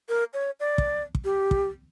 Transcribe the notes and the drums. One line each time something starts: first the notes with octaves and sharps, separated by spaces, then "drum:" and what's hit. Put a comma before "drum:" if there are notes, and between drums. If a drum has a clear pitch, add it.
A#4
C#5
D5
drum: kick
drum: kick
G4
drum: kick